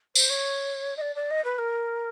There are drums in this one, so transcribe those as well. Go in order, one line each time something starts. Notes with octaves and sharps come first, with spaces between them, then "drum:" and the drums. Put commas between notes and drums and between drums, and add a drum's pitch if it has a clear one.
C5, drum: tambourine
C#5
D#5
D5
D5
D#5
B4
A#4